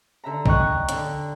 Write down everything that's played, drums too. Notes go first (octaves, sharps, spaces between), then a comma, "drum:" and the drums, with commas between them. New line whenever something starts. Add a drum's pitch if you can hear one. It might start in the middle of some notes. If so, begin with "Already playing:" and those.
D3 E5 A#5
D#5 G5 C#6 F#6, drum: kick
D3 D4, drum: hi-hat